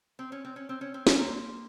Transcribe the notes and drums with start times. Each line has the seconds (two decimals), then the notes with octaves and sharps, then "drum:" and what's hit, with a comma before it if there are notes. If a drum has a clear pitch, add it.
0.19 C4
0.32 C#4
0.45 C4
0.56 C#4
0.69 C4
0.81 C#4
0.94 C4
1.07 C#4, drum: snare
1.18 A#3 C4